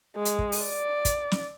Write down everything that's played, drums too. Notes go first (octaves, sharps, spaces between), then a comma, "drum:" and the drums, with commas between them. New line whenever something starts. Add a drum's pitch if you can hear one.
G#3
drum: hi-hat
drum: kick
drum: open hi-hat
D5
drum: kick, hi-hat
drum: snare